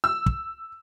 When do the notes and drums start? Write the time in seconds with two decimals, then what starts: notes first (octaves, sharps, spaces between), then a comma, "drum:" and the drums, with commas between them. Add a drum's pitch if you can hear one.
0.04 E6
0.26 drum: kick